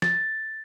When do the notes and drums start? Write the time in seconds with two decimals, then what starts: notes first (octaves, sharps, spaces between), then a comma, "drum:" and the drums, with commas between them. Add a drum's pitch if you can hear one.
0.02 A6, drum: snare